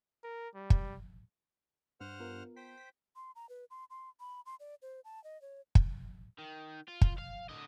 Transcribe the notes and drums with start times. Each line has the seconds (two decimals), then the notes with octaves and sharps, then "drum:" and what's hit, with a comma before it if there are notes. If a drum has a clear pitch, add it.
0.24 A#4
0.55 G3
0.70 drum: kick
2.00 G2 C5 F#5 F6
2.20 B3 F4 A#4
2.56 C5 G5 B6
2.77 B6
3.16 C6
3.36 A#5
3.49 B4
3.71 C6
3.90 C6
4.20 B5
4.46 C6
4.60 D5
4.82 C5
5.05 A5
5.24 D#5
5.42 C#5
5.75 drum: kick
6.38 D#3
6.88 F4
7.01 drum: kick
7.19 F5
7.49 D3 D#5